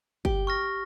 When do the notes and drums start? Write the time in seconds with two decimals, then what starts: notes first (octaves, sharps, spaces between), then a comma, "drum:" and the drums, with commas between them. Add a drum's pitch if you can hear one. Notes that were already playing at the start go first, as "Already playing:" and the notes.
0.25 G4, drum: kick
0.47 C#6 F6 A#6